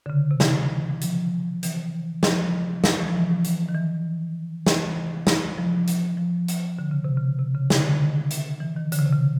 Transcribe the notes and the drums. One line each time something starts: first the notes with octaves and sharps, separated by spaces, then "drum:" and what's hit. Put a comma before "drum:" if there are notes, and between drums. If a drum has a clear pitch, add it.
D3
C#3
C3
E3, drum: snare
F3, drum: hi-hat
E3, drum: hi-hat
F3, drum: snare
drum: snare
E3
F3
E3
drum: hi-hat
D#3
E3
E3, drum: snare
drum: snare
F3
drum: hi-hat
F3
drum: hi-hat
D3
C#3
C3
C#3
C3
C#3
D3, drum: snare
D3
D#3
drum: hi-hat
E3
D#3
D3, drum: hi-hat
C#3
C3
C#3